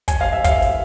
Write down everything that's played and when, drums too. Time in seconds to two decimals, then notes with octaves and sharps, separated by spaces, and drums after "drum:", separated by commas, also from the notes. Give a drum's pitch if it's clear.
0.08 G#5, drum: kick, hi-hat
0.21 F5
0.33 E5
0.44 F5, drum: kick, hi-hat
0.62 drum: open hi-hat